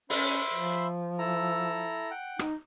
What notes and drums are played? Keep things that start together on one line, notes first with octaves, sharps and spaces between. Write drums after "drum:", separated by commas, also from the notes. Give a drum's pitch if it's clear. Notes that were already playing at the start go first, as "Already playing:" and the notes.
C#4 C5 E5 B5, drum: open hi-hat
F3
E4 A4 A#5
F#5 G5
D#4, drum: rim click